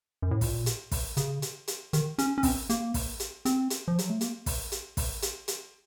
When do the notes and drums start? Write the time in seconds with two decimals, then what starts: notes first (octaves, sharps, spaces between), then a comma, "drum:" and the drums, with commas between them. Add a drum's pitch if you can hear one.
0.22 F#2
0.31 A2
0.41 A#2, drum: kick, open hi-hat
0.66 drum: hi-hat
0.92 drum: kick, open hi-hat
1.17 C#3, drum: hi-hat
1.42 drum: hi-hat
1.68 drum: hi-hat
1.93 D#3, drum: hi-hat
2.18 C#4, drum: hi-hat
2.38 C#4
2.43 C4, drum: kick, open hi-hat
2.70 A#3, drum: hi-hat
2.94 drum: kick, open hi-hat
3.20 drum: hi-hat
3.45 C4, drum: hi-hat
3.70 drum: hi-hat
3.88 F3
3.99 F#3, drum: hi-hat
4.10 A3
4.21 A#3, drum: hi-hat
4.46 drum: kick, open hi-hat
4.72 drum: hi-hat
4.97 drum: kick, open hi-hat
5.22 drum: hi-hat
5.48 drum: hi-hat